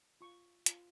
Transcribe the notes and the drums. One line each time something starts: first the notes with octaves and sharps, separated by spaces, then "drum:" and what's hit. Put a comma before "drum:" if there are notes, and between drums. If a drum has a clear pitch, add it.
F4 C#6
F4, drum: hi-hat